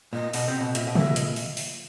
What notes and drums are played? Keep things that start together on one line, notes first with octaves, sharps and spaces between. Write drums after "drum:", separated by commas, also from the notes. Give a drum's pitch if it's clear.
A#2 D#5
B2 D#5, drum: open hi-hat
C3
B2
A#2 E5, drum: hi-hat
B2
A#2 E5, drum: tom
D#5, drum: hi-hat
drum: open hi-hat
drum: open hi-hat